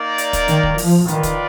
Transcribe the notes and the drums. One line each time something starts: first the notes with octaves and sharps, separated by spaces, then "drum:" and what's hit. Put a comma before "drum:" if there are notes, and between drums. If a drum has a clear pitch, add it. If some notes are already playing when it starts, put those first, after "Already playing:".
Already playing: A#3 D#4 A#4 D5
drum: hi-hat
drum: kick, hi-hat
D#3, drum: hi-hat
drum: kick
F3, drum: open hi-hat
D#3 F4 B4 D5, drum: hi-hat
drum: kick, hi-hat